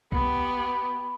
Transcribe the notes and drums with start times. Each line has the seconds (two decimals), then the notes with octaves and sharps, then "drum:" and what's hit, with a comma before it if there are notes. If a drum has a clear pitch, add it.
0.12 B3 G4 B5, drum: kick B1